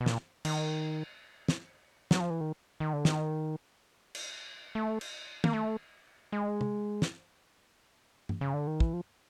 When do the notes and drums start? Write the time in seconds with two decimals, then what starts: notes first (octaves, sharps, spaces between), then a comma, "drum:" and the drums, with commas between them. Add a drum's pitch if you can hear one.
0.01 B2
0.06 A#2, drum: snare
0.45 D#3, drum: cymbal
1.49 drum: snare
2.11 F#3, drum: snare
2.20 F3
2.30 E3
2.41 D#3
2.80 D#3
2.93 D3
3.05 D#3, drum: snare
4.15 drum: cymbal
4.75 A3
5.01 drum: cymbal
5.44 A#3, drum: tom
5.53 A3
6.32 G#3
6.61 drum: tom
7.02 drum: snare
8.29 drum: tom G2
8.41 C#3
8.54 D3
8.67 D#3
8.80 E3, drum: kick
8.93 F3